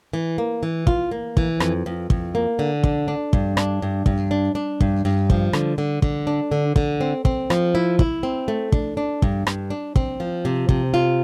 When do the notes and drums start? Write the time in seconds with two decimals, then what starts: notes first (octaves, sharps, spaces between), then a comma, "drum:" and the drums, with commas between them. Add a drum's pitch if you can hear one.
0.13 E3
0.38 A#3
0.63 E3
0.87 F4, drum: kick
1.11 A#3
1.37 E3, drum: kick
1.60 F2, drum: rim click
1.86 F2
2.10 F2, drum: kick
2.35 A#3
2.59 D3
2.84 D4, drum: kick
3.08 D4
3.33 G2, drum: kick
3.57 D4, drum: rim click
3.82 G2
4.06 G2, drum: kick
4.31 D4
4.55 D4
4.81 G2, drum: kick
5.05 G2
5.30 F3, drum: kick
5.53 D3, drum: rim click
5.78 D3
6.02 D3, drum: kick
6.27 D4
6.52 D3
6.76 D3, drum: kick
7.01 C4
7.25 C4, drum: kick
7.50 F3, drum: rim click
7.75 E4
7.99 E4, drum: kick
8.23 C4
8.48 A3
8.72 D4, drum: kick
8.97 D4
9.22 G2, drum: kick
9.47 G2, drum: rim click
9.70 D4
9.96 C4, drum: kick
10.20 F3
10.45 C3
10.69 C3, drum: kick
10.94 F4